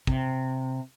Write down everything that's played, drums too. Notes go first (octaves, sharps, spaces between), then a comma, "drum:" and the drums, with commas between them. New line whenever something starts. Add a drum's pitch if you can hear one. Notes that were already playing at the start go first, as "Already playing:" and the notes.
C3, drum: kick